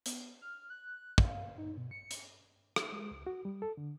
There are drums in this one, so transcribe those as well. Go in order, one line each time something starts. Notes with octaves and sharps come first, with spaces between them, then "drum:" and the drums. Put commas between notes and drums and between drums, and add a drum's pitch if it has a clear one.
B3, drum: hi-hat
F6
F#6
F5, drum: kick
D#4
B2
C#7
drum: hi-hat
drum: rim click
G#3
C#2
F#4
G3
A4
D3